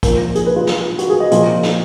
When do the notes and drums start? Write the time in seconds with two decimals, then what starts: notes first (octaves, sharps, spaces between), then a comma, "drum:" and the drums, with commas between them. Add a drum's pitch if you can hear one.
0.03 A#2 F3 A#4, drum: kick, hi-hat
0.13 A#4
0.35 G#4, drum: hi-hat
0.46 B4
0.56 F4
0.67 drum: snare
0.99 F#4, drum: hi-hat
1.10 G#4
1.20 D#5
1.31 A#2 F3, drum: hi-hat
1.63 drum: snare